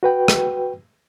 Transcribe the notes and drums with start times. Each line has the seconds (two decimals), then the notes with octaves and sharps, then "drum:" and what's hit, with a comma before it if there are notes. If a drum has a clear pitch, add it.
0.03 F#4 B4 G5
0.28 drum: rim click